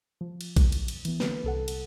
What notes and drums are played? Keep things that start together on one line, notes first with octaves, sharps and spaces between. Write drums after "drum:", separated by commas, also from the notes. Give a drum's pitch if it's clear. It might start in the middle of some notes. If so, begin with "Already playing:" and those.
F3
drum: cymbal
drum: kick A#1, cymbal
drum: cymbal
drum: cymbal
E3 B3, drum: cymbal
D3 A#3 B4, drum: snare
C2 A4 F#5
drum: cymbal